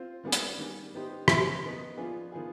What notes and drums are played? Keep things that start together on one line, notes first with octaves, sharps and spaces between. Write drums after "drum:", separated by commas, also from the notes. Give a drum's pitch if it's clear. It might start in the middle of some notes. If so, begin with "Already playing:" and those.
Already playing: C4 F4 C5
D#3 G3 B3 D4 G#4
drum: hi-hat
D#3 G3 D4
D#3 B3 D#4 G4 C5
F2 D3 G3 B3, drum: rim click
D#3 B3 D#4
F3 B3 D4 F4 G#4
D#3 B3 F4 G#4